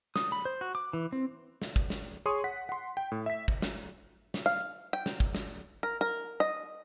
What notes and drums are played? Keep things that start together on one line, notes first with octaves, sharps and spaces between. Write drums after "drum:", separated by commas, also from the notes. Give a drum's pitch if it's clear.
D#6, drum: snare
B5
C5
F#4
D6
E3
C4
drum: snare
drum: kick
drum: snare
G#4 C#5 G#5 C6 C#6 D#6
F#5 B6
F#5 C6
G5
A2
E5 B6
drum: kick
drum: snare
drum: snare
F5
G5
drum: snare
drum: kick
drum: snare
A#4
A#4
D#5